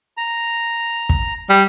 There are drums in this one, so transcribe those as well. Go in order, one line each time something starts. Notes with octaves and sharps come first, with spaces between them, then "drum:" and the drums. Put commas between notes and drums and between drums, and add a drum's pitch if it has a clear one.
A#5
drum: kick
G3